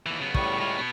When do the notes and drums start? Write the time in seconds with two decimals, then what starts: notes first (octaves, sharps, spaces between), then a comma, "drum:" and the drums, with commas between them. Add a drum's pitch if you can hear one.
0.06 D#2 E3
0.20 C#3 F#3 B3
0.34 A2 G3 C#6, drum: kick
0.61 G#3 F4
0.77 B2 B3